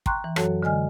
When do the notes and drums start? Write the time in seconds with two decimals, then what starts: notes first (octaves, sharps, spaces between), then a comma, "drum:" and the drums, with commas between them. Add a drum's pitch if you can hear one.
0.06 G5 A#5 C6 C#6 F#6, drum: kick
0.24 E3
0.36 F#2 F#3 F#4 A4 C#5 A5, drum: rim click
0.63 D3 G#3 D#5 G#5 F6